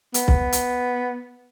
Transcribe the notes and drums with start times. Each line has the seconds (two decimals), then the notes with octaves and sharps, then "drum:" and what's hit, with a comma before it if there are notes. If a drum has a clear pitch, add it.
0.14 B3, drum: hi-hat
0.28 drum: kick B1
0.52 drum: hi-hat